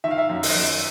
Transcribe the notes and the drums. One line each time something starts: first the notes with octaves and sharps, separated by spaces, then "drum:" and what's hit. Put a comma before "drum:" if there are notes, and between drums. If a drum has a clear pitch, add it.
D#3 E5
F5
E5
F#2
D#5, drum: open hi-hat
F#2